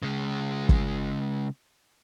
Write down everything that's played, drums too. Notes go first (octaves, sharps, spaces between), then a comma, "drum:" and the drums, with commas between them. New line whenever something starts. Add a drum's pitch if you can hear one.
C#3 G#3
drum: kick